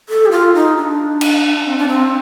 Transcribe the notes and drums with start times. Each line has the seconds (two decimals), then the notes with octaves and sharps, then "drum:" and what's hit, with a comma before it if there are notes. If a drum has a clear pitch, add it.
0.09 A4
0.26 G4
0.31 F4
0.55 D#4
0.77 D4
1.21 drum: cymbal
1.67 C4
1.78 D4
1.88 C4